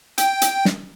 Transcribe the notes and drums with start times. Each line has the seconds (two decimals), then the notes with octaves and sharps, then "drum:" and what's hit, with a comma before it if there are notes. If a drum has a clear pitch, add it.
0.18 G5, drum: hi-hat
0.42 drum: hi-hat
0.65 drum: snare